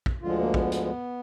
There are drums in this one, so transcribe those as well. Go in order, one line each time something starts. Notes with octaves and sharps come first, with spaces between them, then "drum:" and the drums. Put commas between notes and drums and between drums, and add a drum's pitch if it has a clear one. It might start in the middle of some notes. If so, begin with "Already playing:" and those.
drum: kick
D2 D3 F3 G#3 F4
A#3
B3, drum: kick
drum: hi-hat